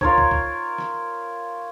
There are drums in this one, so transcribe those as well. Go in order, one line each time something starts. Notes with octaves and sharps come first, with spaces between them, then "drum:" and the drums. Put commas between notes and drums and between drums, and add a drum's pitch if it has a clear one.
F4 A#4 C#5, drum: kick
drum: kick
drum: kick
drum: snare